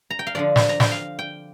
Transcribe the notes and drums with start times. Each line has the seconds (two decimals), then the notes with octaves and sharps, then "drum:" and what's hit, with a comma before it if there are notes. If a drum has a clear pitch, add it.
0.10 A#5
0.19 G5
0.27 F5
0.35 D3 F3 D4 D5
0.56 drum: snare
0.69 A#5
0.80 G5, drum: snare
0.92 F5
1.19 G5